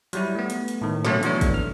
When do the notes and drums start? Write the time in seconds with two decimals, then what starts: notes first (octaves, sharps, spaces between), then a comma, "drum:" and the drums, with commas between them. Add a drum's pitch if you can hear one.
0.13 F#3 G3 E4, drum: hi-hat
0.35 A3 B3
0.50 drum: hi-hat
0.68 drum: hi-hat
0.82 A2 D#3
1.05 B2 D3 F#3 A3 A#3 C#4, drum: snare
1.23 E3 F#3 A3 B3 D4 C#5, drum: hi-hat
1.41 drum: kick, hi-hat
1.54 F6